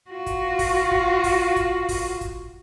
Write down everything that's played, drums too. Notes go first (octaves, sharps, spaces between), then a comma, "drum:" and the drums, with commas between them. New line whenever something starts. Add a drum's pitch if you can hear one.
F4 F#4
drum: kick, hi-hat
drum: kick, open hi-hat
drum: kick
drum: kick, open hi-hat
drum: kick, hi-hat
drum: kick, open hi-hat
drum: kick, hi-hat